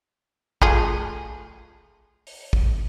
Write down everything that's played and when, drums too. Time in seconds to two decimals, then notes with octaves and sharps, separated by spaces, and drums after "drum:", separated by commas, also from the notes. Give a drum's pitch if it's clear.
0.62 A3 F4 G#4, drum: kick
2.27 drum: open hi-hat
2.53 drum: kick